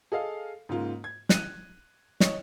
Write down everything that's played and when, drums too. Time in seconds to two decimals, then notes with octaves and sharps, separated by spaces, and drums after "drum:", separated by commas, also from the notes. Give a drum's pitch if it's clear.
0.12 G#4 A4 D#5 F5
0.69 G#2 C#3 A#3 F4
1.04 G#6
1.29 F#6 D#7, drum: snare
2.20 C#5 D#5, drum: snare